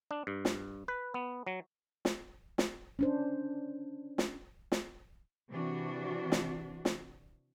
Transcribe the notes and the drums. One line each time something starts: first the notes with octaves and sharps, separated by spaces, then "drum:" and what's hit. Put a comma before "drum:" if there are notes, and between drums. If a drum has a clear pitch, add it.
D4
G2
drum: snare
B4
B3
F#3
drum: snare
drum: snare
C#4 D4 C5
drum: snare
drum: snare
C3 E3 D4 F#4
drum: snare
drum: snare